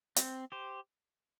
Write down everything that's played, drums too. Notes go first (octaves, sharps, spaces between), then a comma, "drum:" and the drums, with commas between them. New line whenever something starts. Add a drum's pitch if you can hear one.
C4, drum: hi-hat
G4 C5